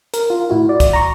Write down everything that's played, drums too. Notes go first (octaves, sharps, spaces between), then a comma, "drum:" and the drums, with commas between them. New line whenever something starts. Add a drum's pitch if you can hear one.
A#4, drum: hi-hat
F4
A2 E4 F#4
D5
drum: kick, hi-hat
A#5 C#6